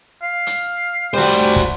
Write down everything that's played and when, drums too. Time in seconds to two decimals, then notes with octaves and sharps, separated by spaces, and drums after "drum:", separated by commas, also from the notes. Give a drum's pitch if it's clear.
0.23 F5
0.47 drum: hi-hat
1.14 G3 F#4 C5
1.56 drum: kick